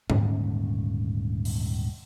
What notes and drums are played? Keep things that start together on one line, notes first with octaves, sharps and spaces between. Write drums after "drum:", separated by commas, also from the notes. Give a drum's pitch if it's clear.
D#1 G#2 D3 C#4, drum: tom G#2
drum: open hi-hat